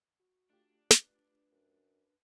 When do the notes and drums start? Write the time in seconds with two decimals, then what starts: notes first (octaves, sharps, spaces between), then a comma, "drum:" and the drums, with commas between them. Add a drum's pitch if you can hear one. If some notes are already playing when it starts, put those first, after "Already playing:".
0.19 F#4
0.50 A3 D4 F4 G4
0.91 B4, drum: snare
1.51 F#2